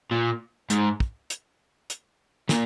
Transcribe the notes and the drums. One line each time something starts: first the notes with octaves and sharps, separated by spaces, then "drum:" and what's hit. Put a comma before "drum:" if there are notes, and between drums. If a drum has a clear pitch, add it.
A#2
G#2, drum: hi-hat
drum: kick
drum: hi-hat
drum: hi-hat
A#2, drum: snare